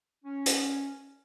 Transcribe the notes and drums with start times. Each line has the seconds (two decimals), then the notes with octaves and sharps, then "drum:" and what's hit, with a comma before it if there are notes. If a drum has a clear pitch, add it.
0.25 C#4
0.46 drum: hi-hat